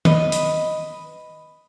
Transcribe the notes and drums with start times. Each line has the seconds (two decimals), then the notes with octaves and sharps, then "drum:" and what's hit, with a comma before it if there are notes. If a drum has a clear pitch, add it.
0.05 B4 D#5, drum: tom D#3
0.32 drum: hi-hat